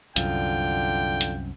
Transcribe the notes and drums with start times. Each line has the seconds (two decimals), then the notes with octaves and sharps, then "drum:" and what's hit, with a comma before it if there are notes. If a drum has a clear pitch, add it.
0.16 C2 F#2 D3 F4 G5, drum: hi-hat
1.21 drum: hi-hat